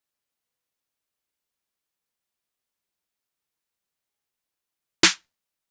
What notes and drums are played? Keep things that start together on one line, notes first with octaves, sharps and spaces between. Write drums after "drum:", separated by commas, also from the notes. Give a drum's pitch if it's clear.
D5
B4
D5
F#4
F#4
F#4
F4
A#4
G#4
F4
drum: snare